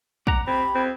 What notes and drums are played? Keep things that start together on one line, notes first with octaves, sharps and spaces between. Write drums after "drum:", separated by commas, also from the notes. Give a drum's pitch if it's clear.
D5 F#5 A#5, drum: kick
C4 G4 B5
C4